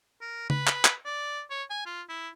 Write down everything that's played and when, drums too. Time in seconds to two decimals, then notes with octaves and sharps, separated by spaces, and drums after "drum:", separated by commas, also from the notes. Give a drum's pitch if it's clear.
0.21 A#4
0.50 B4, drum: tom C#3
0.67 drum: clap
0.85 drum: clap
1.05 D5
1.50 C#5
1.70 G#5
1.86 F4
2.09 E4